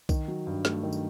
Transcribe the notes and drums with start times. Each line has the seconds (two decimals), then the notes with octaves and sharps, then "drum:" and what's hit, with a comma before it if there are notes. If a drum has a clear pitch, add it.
0.09 D#3, drum: kick B1, tambourine
0.28 F#3
0.47 G2
0.65 A3, drum: snare
0.83 D#3
0.93 drum: tambourine